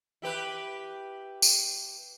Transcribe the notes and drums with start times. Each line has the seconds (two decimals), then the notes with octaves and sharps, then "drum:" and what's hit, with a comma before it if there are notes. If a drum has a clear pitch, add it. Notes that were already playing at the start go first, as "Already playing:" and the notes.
0.22 E4 G4 B4
1.42 drum: tambourine